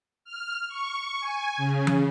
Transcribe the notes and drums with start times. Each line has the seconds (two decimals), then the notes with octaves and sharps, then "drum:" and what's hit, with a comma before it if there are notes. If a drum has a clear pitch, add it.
0.24 F6
0.68 C#6
1.20 G#5
1.57 C#3
1.87 drum: tom E3